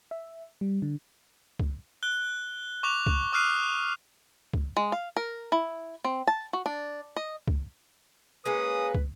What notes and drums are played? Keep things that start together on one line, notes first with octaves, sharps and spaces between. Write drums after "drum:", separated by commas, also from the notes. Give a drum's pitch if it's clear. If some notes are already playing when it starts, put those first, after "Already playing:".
E5
G3
D3
drum: kick
F#6 G7
C#6 D6 F#6 F7
drum: kick
C#6 D#6 F6 F#6 C7 D#7
drum: kick
G#3
F5
A#4
E4
C4
A5
F#4
D4
D#5
drum: kick
G#3 A#3 C#4 B4 D#6
drum: kick